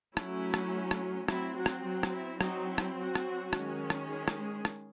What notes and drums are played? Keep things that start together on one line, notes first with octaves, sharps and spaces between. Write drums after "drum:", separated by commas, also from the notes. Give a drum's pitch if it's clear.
F#3 A3 C#4 E4, drum: rim click
drum: rim click
drum: rim click
F#3 C4 E4, drum: rim click
F#3 F#4
drum: rim click
F#3 F#4
drum: rim click
E4
F#3 C4 D#4, drum: rim click
E4
drum: rim click
F#3 F#4
drum: rim click
D#3 G#3 C#4, drum: rim click
drum: rim click
G#3 G#4
drum: rim click
G#3 G#4
drum: rim click